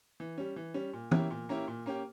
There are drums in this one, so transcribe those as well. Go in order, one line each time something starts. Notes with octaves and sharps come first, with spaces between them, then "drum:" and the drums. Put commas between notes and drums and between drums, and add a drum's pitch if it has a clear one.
E3
G3 C#4
E3
G3 C#4
A#2
A#3 C#4 E4 G4, drum: tom E3
A#2
A#3 C#4 E4 G4
A#2
A#3 C#4 G4